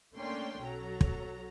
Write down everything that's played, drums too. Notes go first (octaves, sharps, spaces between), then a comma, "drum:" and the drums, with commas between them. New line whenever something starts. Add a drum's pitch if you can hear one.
A3 A#3 C#4 D4 G5 C6
B1 F#3 A4 A#5
drum: kick